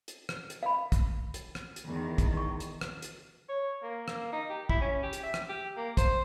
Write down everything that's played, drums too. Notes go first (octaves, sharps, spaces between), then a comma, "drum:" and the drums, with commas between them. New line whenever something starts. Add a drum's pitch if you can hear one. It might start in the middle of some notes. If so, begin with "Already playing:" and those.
drum: hi-hat
drum: rim click
drum: hi-hat
F5 B5
drum: kick, hi-hat
drum: hi-hat
drum: rim click
drum: hi-hat
E2 D#3
drum: kick, hi-hat
C#6
drum: hi-hat
drum: rim click
drum: hi-hat
C#5
A#3
drum: rim click
D#4
G4
E4, drum: kick
C#4
G4
drum: hi-hat
E5
drum: rim click
G4
A#3
C5, drum: kick, hi-hat